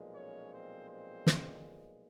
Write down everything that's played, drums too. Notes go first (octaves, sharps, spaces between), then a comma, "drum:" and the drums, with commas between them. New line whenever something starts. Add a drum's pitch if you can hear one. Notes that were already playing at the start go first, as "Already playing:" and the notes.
Already playing: B1 A#2 F3 G#3
C#4 C#5
C4 C5
C4 C5
drum: snare